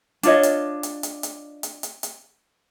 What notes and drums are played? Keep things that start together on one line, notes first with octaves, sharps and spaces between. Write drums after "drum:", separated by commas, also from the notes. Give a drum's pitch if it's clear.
D4 F4 C#5 D#5, drum: hi-hat
drum: hi-hat
drum: hi-hat
drum: hi-hat
drum: hi-hat
drum: hi-hat
drum: hi-hat
drum: hi-hat